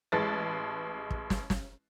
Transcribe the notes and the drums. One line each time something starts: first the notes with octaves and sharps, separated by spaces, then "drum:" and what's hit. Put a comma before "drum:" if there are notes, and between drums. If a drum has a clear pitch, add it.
A1 G#3 B4 A5 A6
drum: kick
drum: snare
drum: snare